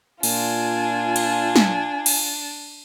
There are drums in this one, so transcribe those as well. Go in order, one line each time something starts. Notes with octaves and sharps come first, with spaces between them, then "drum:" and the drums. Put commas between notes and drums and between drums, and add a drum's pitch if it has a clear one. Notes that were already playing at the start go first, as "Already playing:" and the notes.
A#2 D4 F4 G#5, drum: cymbal
drum: cymbal
drum: snare
drum: cymbal